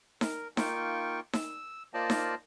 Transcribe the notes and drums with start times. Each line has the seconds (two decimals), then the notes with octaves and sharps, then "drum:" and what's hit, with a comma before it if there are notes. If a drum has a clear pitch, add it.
0.21 A#4, drum: snare D#4
0.57 A#3 D#4 F4 G5 C#6, drum: snare D#4
1.33 E6, drum: snare D#4
1.94 A#3 F4 C5 D5 D#5 A5
2.10 drum: snare D#4